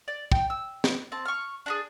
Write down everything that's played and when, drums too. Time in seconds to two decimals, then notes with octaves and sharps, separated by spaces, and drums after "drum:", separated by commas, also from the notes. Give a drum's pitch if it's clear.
0.08 D5
0.32 G5, drum: kick
0.50 E6
0.84 drum: snare
1.12 C4 A5
1.25 C#6 F6
1.66 D4 F#4 G#4